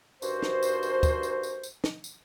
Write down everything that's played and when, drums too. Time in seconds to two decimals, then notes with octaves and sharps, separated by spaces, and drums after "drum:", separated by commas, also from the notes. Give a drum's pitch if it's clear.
0.22 G2 D#3 F#4 C5, drum: tambourine
0.42 drum: snare
0.63 drum: tambourine
0.83 drum: tambourine
1.03 drum: kick, tambourine
1.23 drum: tambourine
1.43 drum: tambourine
1.64 drum: tambourine
1.84 drum: snare
2.04 drum: tambourine